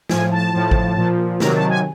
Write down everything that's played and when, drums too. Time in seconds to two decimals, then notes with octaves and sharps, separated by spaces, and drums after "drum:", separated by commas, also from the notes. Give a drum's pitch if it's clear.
0.09 A2 F3 G#5, drum: snare
0.32 A5
0.53 A2 F3
0.71 drum: kick G#1
0.97 A#2 F3
1.40 C3 D#3 F#3 A#5, drum: snare
1.55 A5
1.70 G#5